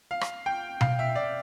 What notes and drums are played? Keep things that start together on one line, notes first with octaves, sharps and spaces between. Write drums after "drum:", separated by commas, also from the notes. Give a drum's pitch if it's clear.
F5
drum: rim click
G5
F5, drum: tom B2
E5
D5